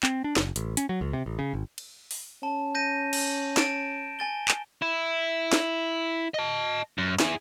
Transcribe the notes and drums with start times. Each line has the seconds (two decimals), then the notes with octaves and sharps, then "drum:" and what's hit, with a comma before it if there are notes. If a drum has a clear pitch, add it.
0.03 C4, drum: clap
0.24 D4
0.36 F#1, drum: snare
0.56 A1, drum: hi-hat
0.77 C#4, drum: hi-hat
0.89 F#3
1.01 C#2
1.13 C3
1.26 A1
1.39 C#3
1.54 G#1
1.78 drum: cymbal
2.11 drum: open hi-hat
2.43 C#4 A5
2.75 G6 A#6 D#7
3.13 drum: cymbal
3.57 A6 D7 E7, drum: snare
4.19 G#5 A6 G7
4.48 drum: clap
4.82 E4
5.53 drum: snare
6.34 D#5 A5
6.98 F#2
7.20 E4 G#4, drum: snare